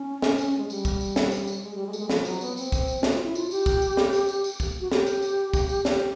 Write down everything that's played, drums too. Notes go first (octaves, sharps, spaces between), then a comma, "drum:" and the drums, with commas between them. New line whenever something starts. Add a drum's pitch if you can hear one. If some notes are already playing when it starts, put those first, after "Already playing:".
Already playing: C#4
drum: snare
drum: tambourine
G#3
G3, drum: tambourine
drum: kick, tambourine
drum: tambourine
drum: snare
drum: tambourine
drum: tambourine
G#3
G3
G#3
A3, drum: tambourine
G#3
F3, drum: snare
F#3, drum: tambourine
B3, drum: tambourine
C4, drum: tambourine
drum: kick, tambourine
drum: tambourine
F#4, drum: snare
F4
E4
F4, drum: tambourine
G4, drum: tambourine
drum: kick, tambourine
drum: tambourine
drum: snare
drum: tambourine
drum: tambourine
drum: tambourine
drum: kick, tambourine
F#4
G4, drum: snare
drum: tambourine
drum: tambourine
drum: kick, tambourine
drum: tambourine
G4, drum: snare